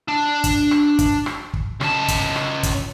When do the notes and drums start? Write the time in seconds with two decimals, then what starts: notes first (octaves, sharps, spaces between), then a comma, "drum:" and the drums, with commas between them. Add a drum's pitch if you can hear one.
0.08 D4
0.44 drum: kick, hi-hat
0.71 drum: rim click
0.99 drum: kick, hi-hat
1.26 drum: rim click
1.54 drum: kick
1.81 C#2 A5, drum: rim click
2.08 drum: kick, hi-hat
2.36 drum: rim click
2.63 drum: kick, hi-hat